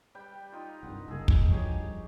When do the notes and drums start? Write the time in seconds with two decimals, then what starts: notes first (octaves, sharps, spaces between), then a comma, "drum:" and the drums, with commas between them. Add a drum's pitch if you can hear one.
0.15 G3 B4 G5
0.52 D#4 F4
0.83 C2 G2 F#5
1.08 F#1 A#3 G#4 A4
1.28 drum: kick
1.51 G2 F3 F#3 G4 G#4 C#5